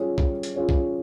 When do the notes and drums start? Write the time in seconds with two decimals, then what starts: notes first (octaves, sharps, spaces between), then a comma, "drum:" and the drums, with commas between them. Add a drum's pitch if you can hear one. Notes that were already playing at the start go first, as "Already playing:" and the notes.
Already playing: G3 C#4 F4 G#4
0.18 G3, drum: kick B1
0.43 drum: hi-hat
0.56 C#4 F4 G#4
0.69 drum: kick B1